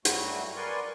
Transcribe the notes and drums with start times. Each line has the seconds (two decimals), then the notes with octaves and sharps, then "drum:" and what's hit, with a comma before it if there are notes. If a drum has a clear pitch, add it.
0.05 G2 F#3 G3 A3 F#4, drum: hi-hat
0.56 A#4 B4 D5 G#5 C6 C#6